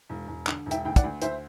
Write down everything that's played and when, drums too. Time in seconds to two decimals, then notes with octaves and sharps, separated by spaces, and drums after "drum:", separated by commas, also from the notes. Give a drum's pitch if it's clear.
0.09 E1
0.28 E1
0.47 D3, drum: clap
0.66 E1
0.71 E5 G5, drum: hi-hat
0.85 D2 G5
0.96 D5 F#5, drum: kick, hi-hat
1.04 D2
1.22 D2 C5 E5, drum: hi-hat